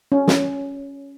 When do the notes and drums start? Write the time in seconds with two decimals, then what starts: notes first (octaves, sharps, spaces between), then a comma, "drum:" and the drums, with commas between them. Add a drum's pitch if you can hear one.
0.12 C#4
0.27 drum: snare